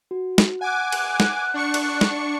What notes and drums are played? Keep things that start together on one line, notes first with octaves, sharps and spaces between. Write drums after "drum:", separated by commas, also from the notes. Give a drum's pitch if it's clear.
F#4
drum: snare
F#5 G#5 D6 F#6
drum: cymbal
drum: snare
D4 C#6 C#7
drum: cymbal
drum: snare